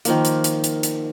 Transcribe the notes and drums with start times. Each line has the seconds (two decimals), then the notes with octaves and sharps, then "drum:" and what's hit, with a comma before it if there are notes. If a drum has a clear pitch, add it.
0.05 D#3 F3 A#3, drum: hi-hat
0.25 drum: hi-hat
0.44 drum: hi-hat
0.64 drum: hi-hat
0.83 drum: hi-hat